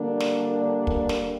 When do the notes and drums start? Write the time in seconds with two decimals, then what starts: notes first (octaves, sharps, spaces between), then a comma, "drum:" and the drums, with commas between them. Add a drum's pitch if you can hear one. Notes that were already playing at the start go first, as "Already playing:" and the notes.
Already playing: D3 G3 A#3 D4
0.20 drum: snare
0.87 drum: kick
1.09 drum: snare